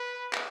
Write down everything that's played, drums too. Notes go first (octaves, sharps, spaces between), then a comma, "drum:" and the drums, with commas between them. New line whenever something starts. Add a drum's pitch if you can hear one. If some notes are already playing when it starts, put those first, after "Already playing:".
Already playing: B4
drum: clap